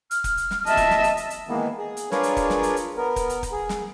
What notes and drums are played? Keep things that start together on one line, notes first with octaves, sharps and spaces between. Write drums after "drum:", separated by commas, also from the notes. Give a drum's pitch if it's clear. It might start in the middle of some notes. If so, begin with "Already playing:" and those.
F6, drum: hi-hat
drum: kick, hi-hat
drum: hi-hat
drum: snare
D#5 E5 A5, drum: hi-hat
drum: kick, hi-hat
drum: snare
drum: hi-hat
drum: hi-hat
drum: hi-hat
D#3 E3 G#3 A#3 B3
G#4
drum: hi-hat
D4 F4 G#4 A#4 B4 C#5, drum: snare
drum: hi-hat
drum: kick, hi-hat
drum: snare
drum: hi-hat
drum: hi-hat
B3 A#4
drum: kick, hi-hat
drum: hi-hat
drum: kick, hi-hat
G#4
drum: snare